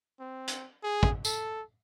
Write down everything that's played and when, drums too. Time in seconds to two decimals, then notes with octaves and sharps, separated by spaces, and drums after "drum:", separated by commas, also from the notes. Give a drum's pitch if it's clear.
0.20 C4
0.47 drum: hi-hat
0.83 G#4
1.03 drum: kick
1.25 A4, drum: tambourine